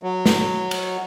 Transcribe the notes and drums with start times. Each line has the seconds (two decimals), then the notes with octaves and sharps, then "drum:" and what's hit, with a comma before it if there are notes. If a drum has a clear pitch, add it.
0.03 F#3
0.26 drum: snare
0.71 drum: cymbal